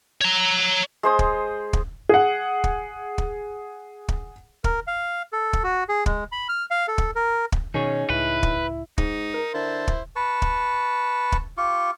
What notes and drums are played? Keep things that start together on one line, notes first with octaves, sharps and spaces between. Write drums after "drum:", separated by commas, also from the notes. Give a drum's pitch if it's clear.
C#5 A#5
G#3 C5 D#6
drum: kick
drum: kick
G#4 F#5
drum: kick
drum: kick
drum: kick
A#4, drum: kick
F5
A4
drum: kick
F#4
G#4
G#3, drum: kick
B5
F6
F5
A4
drum: kick
A#4
drum: kick
B2 D#3 C#4 D#4 G#4 C#5
C#2 A2 E4 B4
drum: kick
G#2 D#4, drum: kick
A#4
D3 E4 C5 A5
drum: kick
B4 A5 C#6
drum: kick
drum: kick
F4 G4 C#6